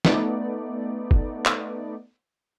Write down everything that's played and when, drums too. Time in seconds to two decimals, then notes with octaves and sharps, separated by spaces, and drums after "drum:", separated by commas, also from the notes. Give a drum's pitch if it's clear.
0.05 A3 B3 D#4 D5, drum: snare
1.11 drum: kick
1.46 drum: clap